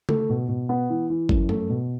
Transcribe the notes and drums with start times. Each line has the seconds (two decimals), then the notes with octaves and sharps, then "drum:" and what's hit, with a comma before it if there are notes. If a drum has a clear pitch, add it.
0.09 A3, drum: tom C#3
0.29 B2
0.49 B2
0.69 B3
0.90 E3
1.10 E3
1.29 F#2, drum: kick G1
1.49 A3, drum: tom G2
1.69 B2